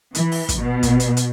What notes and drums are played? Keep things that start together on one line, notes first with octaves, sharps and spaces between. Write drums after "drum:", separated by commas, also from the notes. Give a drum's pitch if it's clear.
E3, drum: hi-hat
drum: open hi-hat
drum: kick, hi-hat
B2
drum: kick, hi-hat
drum: hi-hat
drum: hi-hat